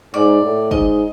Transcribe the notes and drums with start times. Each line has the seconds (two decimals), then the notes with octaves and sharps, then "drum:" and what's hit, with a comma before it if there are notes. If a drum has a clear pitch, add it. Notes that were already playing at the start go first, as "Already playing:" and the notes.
0.14 G#2 D5
0.43 A2
0.71 G#2 D#5, drum: kick